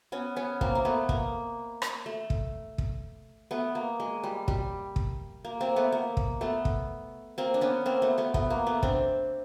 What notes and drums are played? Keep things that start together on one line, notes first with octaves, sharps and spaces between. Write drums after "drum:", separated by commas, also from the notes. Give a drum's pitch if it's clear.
B3 C#4
B3 C#4
A#3 C4, drum: kick
A#3
A3 B3
A#3, drum: kick
drum: rim click
A3
drum: kick
drum: kick
A3 B3
A#3
G#3
G3
G3, drum: kick
drum: kick
A#3
A#3 C4
A3 B3
A#3
drum: kick
A3 B3
drum: kick
A#3 C4
D4
B3 C#4
A#3 C4
A3 B3
A3 B3
A3 B3, drum: kick
A#3
A3 B3
C4 D4, drum: kick